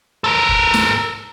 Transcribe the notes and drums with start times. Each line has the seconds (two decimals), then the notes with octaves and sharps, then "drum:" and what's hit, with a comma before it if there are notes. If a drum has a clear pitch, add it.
0.24 A4 A#4
0.49 drum: kick
0.74 drum: snare